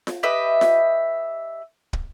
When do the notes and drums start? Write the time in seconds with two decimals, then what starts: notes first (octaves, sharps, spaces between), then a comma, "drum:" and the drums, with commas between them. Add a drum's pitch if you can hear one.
0.07 drum: snare F4
0.23 G4 B4 D#5 E5
0.61 drum: snare F4
1.93 drum: kick